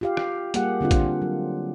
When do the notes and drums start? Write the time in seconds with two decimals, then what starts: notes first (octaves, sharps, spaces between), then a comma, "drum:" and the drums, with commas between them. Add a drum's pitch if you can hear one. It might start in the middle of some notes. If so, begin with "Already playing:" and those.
0.01 F4 G4 F5
0.17 drum: rim click
0.54 G3 A#3 G4 G#4 F#5, drum: hi-hat
0.81 D3 C4 D4 F4
0.91 drum: kick, hi-hat
1.22 F#3